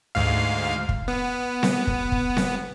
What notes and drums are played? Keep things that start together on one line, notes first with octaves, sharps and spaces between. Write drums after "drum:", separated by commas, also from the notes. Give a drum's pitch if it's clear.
D2 G#2 F5
drum: kick
B3
drum: snare C4
drum: kick
drum: kick
drum: snare C4